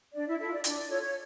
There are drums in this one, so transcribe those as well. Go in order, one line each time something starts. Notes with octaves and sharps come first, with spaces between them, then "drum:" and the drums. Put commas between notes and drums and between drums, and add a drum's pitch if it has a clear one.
D4 D5
E4 E5
E4 F4 A4 E5
D5
D4 D5, drum: hi-hat
D5
F4 A4 C#5
C#5